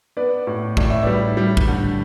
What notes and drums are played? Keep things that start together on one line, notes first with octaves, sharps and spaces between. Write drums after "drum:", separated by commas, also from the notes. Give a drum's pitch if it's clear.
B3 B4 D5
A2
A2 D5, drum: kick
E5
G3 B4 D5
G3
drum: kick
D3